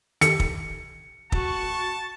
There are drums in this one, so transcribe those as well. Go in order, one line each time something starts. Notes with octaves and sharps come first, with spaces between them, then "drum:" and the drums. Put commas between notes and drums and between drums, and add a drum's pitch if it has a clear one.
D#3 G4 A4 C#7, drum: hi-hat
drum: kick
F#4 A5 C#6, drum: kick